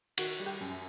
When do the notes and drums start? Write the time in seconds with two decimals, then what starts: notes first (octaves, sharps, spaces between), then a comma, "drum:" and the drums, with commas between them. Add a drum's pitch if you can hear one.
0.18 D#3 F#4, drum: cymbal
0.39 G3
0.46 G4
0.60 F#2